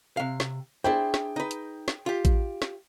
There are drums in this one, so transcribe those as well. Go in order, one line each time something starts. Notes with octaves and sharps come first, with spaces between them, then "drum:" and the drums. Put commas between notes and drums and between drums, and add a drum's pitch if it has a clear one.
C3 F5
drum: snare
D4 E4 G#4 C5 G5
drum: snare
D#4 B4
drum: hi-hat
drum: snare
F4 G4
drum: kick A1, hi-hat
drum: snare